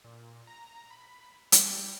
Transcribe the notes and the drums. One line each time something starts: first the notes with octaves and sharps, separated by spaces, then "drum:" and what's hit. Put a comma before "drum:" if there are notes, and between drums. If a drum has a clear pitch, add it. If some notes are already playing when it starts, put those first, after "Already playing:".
A#2
A#5
B5
G3, drum: hi-hat